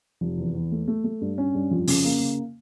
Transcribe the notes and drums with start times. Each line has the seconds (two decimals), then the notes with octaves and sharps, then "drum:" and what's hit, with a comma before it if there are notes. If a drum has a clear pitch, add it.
0.21 F1
0.38 E2
0.55 E2
0.72 A3
0.88 A3
1.04 A3
1.21 G2
1.38 C#4
1.55 G2
1.71 F2
1.87 C#3, drum: open hi-hat
2.05 A#3
2.21 C#3